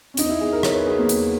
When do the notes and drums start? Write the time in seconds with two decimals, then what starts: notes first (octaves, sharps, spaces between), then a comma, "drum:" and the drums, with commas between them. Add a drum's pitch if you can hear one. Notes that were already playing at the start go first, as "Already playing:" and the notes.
0.14 C#4
0.17 E2 D#4, drum: hi-hat
0.29 E4
0.41 E2 G#4
0.52 A#4
0.63 E2 C#5, drum: rim click
0.75 B4
0.86 F#3 G#4
0.99 A#3
1.09 E2, drum: hi-hat